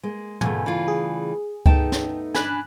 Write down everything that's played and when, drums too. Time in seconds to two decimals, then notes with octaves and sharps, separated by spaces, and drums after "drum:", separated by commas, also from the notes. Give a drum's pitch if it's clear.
0.03 G#3 A#3
0.41 E2 A#2 C#3 G3 A3 G#5, drum: tom
0.66 E3 F4
0.88 G#4
1.66 A3 B3 D#4 G5 A5, drum: kick C#2
1.92 drum: snare
2.34 D4 G#5 B5 F#6, drum: snare